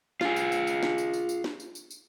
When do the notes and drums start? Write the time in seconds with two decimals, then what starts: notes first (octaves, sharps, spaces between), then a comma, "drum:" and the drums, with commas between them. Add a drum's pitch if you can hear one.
0.21 F4 G#4, drum: snare
0.36 drum: tambourine
0.52 drum: tambourine
0.67 drum: tambourine
0.83 drum: snare
0.98 drum: tambourine
1.13 drum: tambourine
1.29 drum: tambourine
1.44 drum: snare
1.60 drum: tambourine
1.75 drum: tambourine
1.91 drum: tambourine